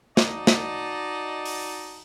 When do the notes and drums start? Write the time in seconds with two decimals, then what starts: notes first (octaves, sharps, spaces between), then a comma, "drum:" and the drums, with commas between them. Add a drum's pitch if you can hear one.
0.17 D#4 F#4 D5 D#5 A5, drum: snare
0.47 drum: snare
1.45 drum: open hi-hat